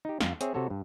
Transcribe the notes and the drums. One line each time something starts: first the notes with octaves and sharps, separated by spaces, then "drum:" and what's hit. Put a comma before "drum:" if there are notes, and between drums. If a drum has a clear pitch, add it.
D#4 G4
F2 F5, drum: snare
C4 G#4 C#5 E5, drum: hi-hat
C3 F#4 A4 C#5
G2